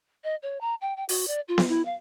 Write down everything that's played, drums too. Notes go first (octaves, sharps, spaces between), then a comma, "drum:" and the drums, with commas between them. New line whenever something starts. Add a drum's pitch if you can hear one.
D#5
C#5
A#5
G5
G5
F#4, drum: open hi-hat
D5
F4
drum: snare B3
E4
F5